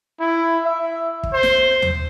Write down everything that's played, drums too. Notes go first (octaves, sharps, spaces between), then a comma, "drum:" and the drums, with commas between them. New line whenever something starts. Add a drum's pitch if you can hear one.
E4
E5
drum: kick
C5
drum: snare
drum: tom D#2